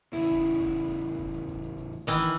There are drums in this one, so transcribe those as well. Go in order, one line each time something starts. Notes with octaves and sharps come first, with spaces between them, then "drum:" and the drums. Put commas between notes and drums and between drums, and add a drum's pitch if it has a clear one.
E2 C#3 E4
drum: kick F1
drum: hi-hat
drum: kick F1, hi-hat
drum: hi-hat
drum: open hi-hat
drum: kick F1, hi-hat
drum: hi-hat
drum: kick F1, hi-hat
drum: hi-hat
drum: hi-hat
drum: open hi-hat
D#3 E3, drum: kick F1, hi-hat
drum: hi-hat